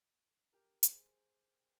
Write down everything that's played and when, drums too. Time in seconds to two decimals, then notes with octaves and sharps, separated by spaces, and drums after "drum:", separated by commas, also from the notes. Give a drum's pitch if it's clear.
0.53 G4 A#4
0.83 G#4 C5, drum: hi-hat